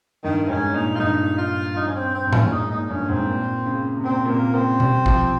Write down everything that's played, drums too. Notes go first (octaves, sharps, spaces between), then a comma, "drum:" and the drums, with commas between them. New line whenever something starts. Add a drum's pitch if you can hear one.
G2 D#3
G#2 C#4
A#2 D#4
F4
G2 D#4
F4
G2 D#4
C#4
C4
C4
G#2
C#4, drum: tom G#2
A#2
G#2 D#4
A#2 D#4
G2 C#4
G#2 C4
A#2
C#3
C3
A#2 C4
A#2
C3 A#3
C#3 C4
G3, drum: tom B2
F3, drum: kick